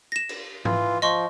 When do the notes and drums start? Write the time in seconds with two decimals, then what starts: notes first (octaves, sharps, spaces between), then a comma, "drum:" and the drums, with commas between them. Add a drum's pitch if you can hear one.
0.12 A#6 E7
0.29 drum: cymbal
0.65 E3 F4, drum: tom G#2
1.02 F3 D#5 C6 C#6